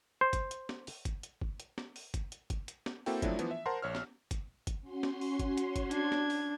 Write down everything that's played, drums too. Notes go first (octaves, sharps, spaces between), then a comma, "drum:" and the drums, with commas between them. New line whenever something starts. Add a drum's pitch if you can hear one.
C5
drum: kick, hi-hat
drum: hi-hat
drum: snare
drum: open hi-hat
drum: kick, hi-hat
drum: hi-hat
drum: kick
drum: hi-hat
drum: snare
drum: open hi-hat
drum: kick, hi-hat
drum: hi-hat
drum: kick, hi-hat
drum: hi-hat
drum: snare
A#3 C4 E4 F#4 A4 G5, drum: open hi-hat
F3 F#3 A3 D4 E4, drum: kick, hi-hat
E3 F3 B3, drum: hi-hat
E5
A#4 C5 F#5 A5 A#5 C6
A#1 C#5 E6 F6
drum: snare
drum: kick, hi-hat
drum: kick, hi-hat
C#4 F#4 C6
drum: snare
drum: open hi-hat
drum: kick, hi-hat
drum: hi-hat
drum: kick, hi-hat
D4 G#6, drum: hi-hat
drum: snare
drum: open hi-hat